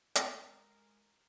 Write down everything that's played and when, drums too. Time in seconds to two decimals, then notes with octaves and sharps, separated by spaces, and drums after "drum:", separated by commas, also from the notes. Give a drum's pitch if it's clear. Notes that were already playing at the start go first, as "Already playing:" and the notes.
0.15 G#3 A#4, drum: hi-hat